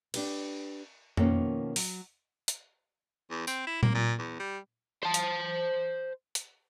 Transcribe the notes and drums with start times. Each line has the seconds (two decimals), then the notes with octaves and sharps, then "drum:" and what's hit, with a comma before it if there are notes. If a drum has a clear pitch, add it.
0.14 D4 G4 B4, drum: cymbal
1.17 B2 D#3 F3 A#3 B3 C#4, drum: tom F2
1.76 F#3, drum: open hi-hat
2.48 drum: hi-hat
3.30 E2
3.47 C4, drum: tambourine
3.67 E4
3.83 A#3, drum: tom A#2
3.95 A#2
4.19 E2
4.39 G3
5.03 C5 A5
5.14 drum: hi-hat
6.35 drum: hi-hat